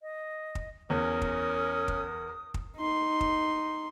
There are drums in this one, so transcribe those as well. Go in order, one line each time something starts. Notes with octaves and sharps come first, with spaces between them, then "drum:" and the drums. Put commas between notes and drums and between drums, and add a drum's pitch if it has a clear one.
D#5
drum: kick
E2 C#4 A#4 D#6
drum: kick
drum: kick
drum: kick
D#4 C6
drum: kick